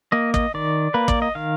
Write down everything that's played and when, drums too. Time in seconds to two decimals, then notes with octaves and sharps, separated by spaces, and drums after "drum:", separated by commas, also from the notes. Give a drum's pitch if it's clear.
0.12 A#3 D#5
0.34 D#5, drum: kick
0.54 D#3 D5
0.94 A#3 B4
1.08 D5, drum: kick
1.22 D#5
1.35 D#3 F5